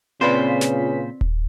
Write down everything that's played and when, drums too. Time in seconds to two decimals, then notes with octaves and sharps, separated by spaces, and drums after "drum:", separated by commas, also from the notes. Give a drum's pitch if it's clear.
0.21 A#2 C#3 C4 F4 B4 C5 D5 B6
0.61 drum: snare
1.21 drum: kick D#1